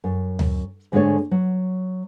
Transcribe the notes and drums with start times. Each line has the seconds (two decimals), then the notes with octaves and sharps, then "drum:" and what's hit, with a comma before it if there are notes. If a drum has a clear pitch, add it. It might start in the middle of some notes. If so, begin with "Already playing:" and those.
0.04 F#2
0.39 drum: tom D2
0.92 G#2 D3 G#3 A3 A4 C#5
1.31 F#3